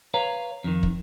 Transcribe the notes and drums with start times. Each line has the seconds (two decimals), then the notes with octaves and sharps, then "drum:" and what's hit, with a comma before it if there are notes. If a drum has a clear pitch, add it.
0.14 B4 C#5 F5 A#5
0.64 F2 D#3
0.83 drum: kick